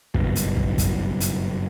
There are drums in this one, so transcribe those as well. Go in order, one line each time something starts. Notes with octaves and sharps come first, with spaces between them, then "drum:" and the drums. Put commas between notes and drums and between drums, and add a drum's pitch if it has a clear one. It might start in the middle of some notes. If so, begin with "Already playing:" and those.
F#1 G2 B2, drum: kick
drum: hi-hat
drum: kick
drum: kick, hi-hat
drum: hi-hat